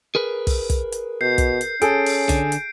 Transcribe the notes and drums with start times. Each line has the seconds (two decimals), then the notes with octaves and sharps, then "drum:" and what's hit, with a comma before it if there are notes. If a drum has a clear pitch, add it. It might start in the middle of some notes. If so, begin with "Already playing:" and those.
0.15 G#4 A#4 B4
0.47 drum: kick, open hi-hat
0.70 drum: kick, hi-hat
0.92 drum: hi-hat
1.21 B2 G6 C7
1.38 drum: kick, hi-hat
1.61 drum: hi-hat
1.82 C#4 G#4 A4 D7, drum: hi-hat
2.06 drum: open hi-hat
2.29 D3, drum: kick, hi-hat
2.52 drum: hi-hat